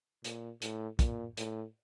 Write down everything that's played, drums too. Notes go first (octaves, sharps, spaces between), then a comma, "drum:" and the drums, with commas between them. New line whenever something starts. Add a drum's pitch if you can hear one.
A#2, drum: hi-hat
A2, drum: hi-hat
A#2, drum: kick, hi-hat
A2, drum: hi-hat